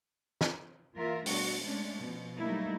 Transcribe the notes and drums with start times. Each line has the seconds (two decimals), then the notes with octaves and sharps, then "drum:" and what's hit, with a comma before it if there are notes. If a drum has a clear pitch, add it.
0.41 drum: snare
0.94 E3 A#3 F4 A#4 E5
1.26 B2 G3 A3 D4 F#4, drum: open hi-hat
1.61 G#3 A3 C#4 D4
1.99 B2 F3
2.38 F#3 G3 A3 A#3 D#4 E4